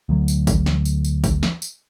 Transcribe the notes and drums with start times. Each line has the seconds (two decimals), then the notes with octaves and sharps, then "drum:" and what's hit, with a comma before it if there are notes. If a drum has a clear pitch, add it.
0.09 D2 F#3
0.28 drum: tambourine
0.47 drum: kick G#1, tambourine
0.66 drum: snare
0.85 drum: tambourine
1.05 drum: tambourine
1.24 drum: kick G#1, tambourine
1.43 drum: snare
1.62 drum: tambourine